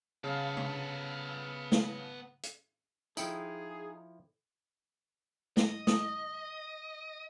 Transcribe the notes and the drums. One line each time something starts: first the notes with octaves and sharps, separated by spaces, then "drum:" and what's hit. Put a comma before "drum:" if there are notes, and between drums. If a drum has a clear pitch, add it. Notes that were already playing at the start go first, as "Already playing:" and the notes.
C#3 B3 A4 F5
drum: tom
drum: snare
drum: hi-hat
F3 D#4 E4 G#4 A4 G5 C#7, drum: tambourine
D#5, drum: snare
D#6, drum: snare